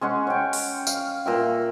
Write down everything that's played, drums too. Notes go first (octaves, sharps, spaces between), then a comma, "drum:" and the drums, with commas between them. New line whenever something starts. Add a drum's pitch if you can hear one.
G#3 C#4 F#5 C6
C#5 G5
drum: open hi-hat
F5, drum: tambourine
A#2 E5 G5